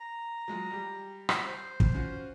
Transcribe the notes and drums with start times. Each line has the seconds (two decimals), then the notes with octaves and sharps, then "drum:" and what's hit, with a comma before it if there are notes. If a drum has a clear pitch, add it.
0.01 A#5
0.48 F#3 G#3 F4
0.71 G3 G4
1.29 drum: rim click
1.46 C5
1.80 drum: kick
1.94 C#4 F4 F#4